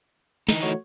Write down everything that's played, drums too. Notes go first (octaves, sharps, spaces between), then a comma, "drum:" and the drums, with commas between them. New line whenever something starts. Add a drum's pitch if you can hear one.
E3 D#4, drum: snare
A3 F#4 C#5